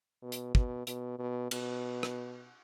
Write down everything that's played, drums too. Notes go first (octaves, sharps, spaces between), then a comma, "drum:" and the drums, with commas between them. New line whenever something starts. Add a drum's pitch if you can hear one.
B2
drum: hi-hat
B2, drum: kick
B2, drum: hi-hat
B2
B2, drum: cymbal
drum: rim click